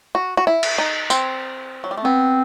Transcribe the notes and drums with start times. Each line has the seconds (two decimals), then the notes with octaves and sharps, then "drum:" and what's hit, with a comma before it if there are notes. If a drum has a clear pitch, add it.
0.15 F#4
0.37 F#4
0.47 E4
0.63 drum: cymbal
0.78 D#4
1.10 C4, drum: tambourine
1.84 F#3
1.91 G3
1.97 A3
2.04 B3 C4